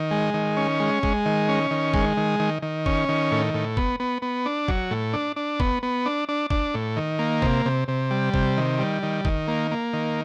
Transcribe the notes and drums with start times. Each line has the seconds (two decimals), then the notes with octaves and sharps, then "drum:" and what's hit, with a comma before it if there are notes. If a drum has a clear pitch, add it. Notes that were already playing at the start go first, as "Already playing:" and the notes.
Already playing: D#3
0.11 G#3
0.34 D#3
0.57 C#4
0.80 G#3
1.03 G#3, drum: kick
1.26 D#3
1.49 C#4
1.71 D#3
1.94 G#3, drum: kick
2.17 D#3
2.40 D#3
2.62 D#3
2.86 C#4, drum: kick
3.09 D#3
3.32 A2
3.54 A2
3.77 B3, drum: kick
4.00 B3
4.22 B3
4.46 D4
4.68 F#3, drum: kick
4.91 A2
5.13 D4
5.36 D4
5.60 B3, drum: kick
5.83 B3
6.06 D4
6.29 D4
6.50 D4, drum: kick
6.74 A2
6.97 D#3
7.19 A#3
7.42 C3, drum: kick
7.66 C3
7.88 C3
8.11 G3
8.34 C3, drum: kick
8.57 D#3
8.79 G3
9.03 D#3
9.25 D#3, drum: kick
9.48 A#3
9.71 A#3
9.93 D#3